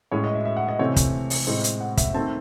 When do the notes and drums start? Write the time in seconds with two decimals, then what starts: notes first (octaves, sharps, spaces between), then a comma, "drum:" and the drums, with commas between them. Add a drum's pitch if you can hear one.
0.12 A2 G#3 C#4 C#5
0.24 D#5
0.34 E5
0.45 E5
0.57 F#5
0.68 D#5
0.79 C3 E3 A3 C4 C#5
0.96 drum: kick, hi-hat
1.30 drum: open hi-hat
1.47 A2 G#3 C4 D#5
1.64 drum: hi-hat
1.81 F#5
1.97 E5, drum: kick, hi-hat
2.14 D#3 A3 C4 A5